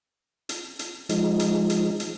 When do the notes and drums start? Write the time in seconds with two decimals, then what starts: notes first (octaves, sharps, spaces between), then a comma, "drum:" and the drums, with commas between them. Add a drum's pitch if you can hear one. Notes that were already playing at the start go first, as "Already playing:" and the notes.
0.49 drum: hi-hat
0.79 drum: hi-hat
1.09 F3 G#3 D#4, drum: hi-hat
1.39 drum: hi-hat
1.70 drum: hi-hat
2.00 drum: hi-hat